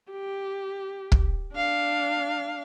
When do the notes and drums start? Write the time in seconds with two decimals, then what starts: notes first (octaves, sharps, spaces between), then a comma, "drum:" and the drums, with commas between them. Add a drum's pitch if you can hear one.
0.11 G4
1.12 drum: kick
1.55 D4 F5